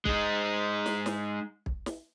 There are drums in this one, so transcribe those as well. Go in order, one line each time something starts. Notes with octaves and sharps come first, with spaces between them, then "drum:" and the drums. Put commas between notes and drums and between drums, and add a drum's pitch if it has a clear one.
G#3 D#4, drum: kick
drum: snare
drum: snare
drum: kick
drum: snare